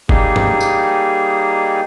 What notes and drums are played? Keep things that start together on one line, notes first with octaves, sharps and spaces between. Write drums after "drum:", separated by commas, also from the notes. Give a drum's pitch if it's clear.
G3 A#3 D#4 G#4, drum: kick
drum: tom G2
drum: tambourine